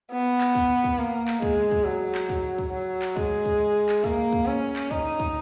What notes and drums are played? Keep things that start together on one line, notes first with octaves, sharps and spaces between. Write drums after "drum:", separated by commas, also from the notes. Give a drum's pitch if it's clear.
B3
drum: clap
drum: kick
drum: kick
A#3
drum: clap
G#3, drum: kick
drum: kick
F#3
drum: clap
drum: kick
drum: kick
F#3
drum: clap
G#3, drum: kick
drum: kick
drum: clap
A#3, drum: kick
drum: kick
C#4
drum: clap
D#4, drum: kick
drum: kick